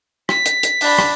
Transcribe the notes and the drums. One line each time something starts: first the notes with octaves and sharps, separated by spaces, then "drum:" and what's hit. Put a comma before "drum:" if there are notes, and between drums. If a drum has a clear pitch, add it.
B6, drum: rim click
drum: hi-hat
drum: hi-hat
D4 B5, drum: open hi-hat
drum: rim click